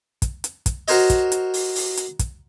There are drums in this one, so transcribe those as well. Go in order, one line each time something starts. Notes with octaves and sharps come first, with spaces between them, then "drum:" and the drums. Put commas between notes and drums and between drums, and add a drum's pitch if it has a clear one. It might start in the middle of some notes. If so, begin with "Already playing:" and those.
drum: kick, hi-hat
drum: hi-hat
drum: kick, hi-hat
F#4 A#4 C5 C#5 D#5, drum: open hi-hat
drum: kick, hi-hat
drum: hi-hat
drum: open hi-hat
drum: open hi-hat
drum: hi-hat
drum: kick, hi-hat